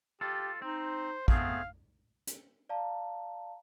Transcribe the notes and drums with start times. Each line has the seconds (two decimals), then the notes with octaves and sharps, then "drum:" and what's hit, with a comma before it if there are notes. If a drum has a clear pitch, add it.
0.21 F4 G4 A4
0.62 C4 D#4 C5
1.28 A3 B3 C4 G#4 F5, drum: kick
2.27 drum: hi-hat
2.69 D5 F5 A5 A#5